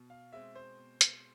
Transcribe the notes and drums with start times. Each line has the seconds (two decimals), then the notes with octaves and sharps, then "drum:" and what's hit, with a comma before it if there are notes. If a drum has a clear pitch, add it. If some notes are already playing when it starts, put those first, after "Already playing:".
Already playing: B2
0.10 F5
0.33 G#3 C4 E5
0.55 C5
0.79 B2
1.01 drum: hi-hat